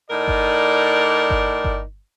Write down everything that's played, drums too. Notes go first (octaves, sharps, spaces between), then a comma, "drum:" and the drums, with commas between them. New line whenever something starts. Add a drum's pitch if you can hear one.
A2 D#4 A#4 D5
drum: kick G1
drum: kick G1
drum: kick G1